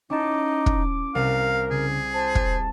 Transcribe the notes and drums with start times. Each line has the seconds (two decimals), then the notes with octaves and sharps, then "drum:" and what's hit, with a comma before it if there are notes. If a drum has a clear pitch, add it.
0.10 C#4 D#4 E4 A5 D6
0.66 drum: kick
1.15 C2 A#4 F5
1.71 C#3 G#4
2.14 C5 A5
2.35 drum: kick